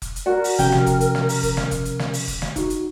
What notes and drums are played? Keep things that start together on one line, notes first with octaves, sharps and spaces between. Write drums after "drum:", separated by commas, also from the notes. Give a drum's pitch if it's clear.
drum: kick F1, hi-hat
drum: hi-hat
F#4 A#4 D5 F#5
drum: open hi-hat
C3 F3 C#4 G5, drum: kick F1, hi-hat
drum: snare
drum: kick F1, hi-hat
drum: hi-hat
drum: snare
drum: open hi-hat
drum: kick F1, hi-hat
drum: snare
drum: kick F1, hi-hat
drum: hi-hat
drum: snare
drum: open hi-hat
drum: kick F1, hi-hat
drum: snare
D#4 F#4, drum: kick F1, hi-hat
drum: hi-hat